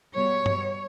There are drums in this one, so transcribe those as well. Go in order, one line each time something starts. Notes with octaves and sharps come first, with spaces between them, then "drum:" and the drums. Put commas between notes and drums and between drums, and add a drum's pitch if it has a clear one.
B2 G3 C#5
B2 G3, drum: tom G2